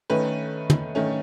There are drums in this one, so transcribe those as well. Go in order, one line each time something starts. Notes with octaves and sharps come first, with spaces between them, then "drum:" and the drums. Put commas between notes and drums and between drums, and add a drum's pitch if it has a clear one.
D#3 A3 C#4 B4
drum: tom
D#3 A3 C#4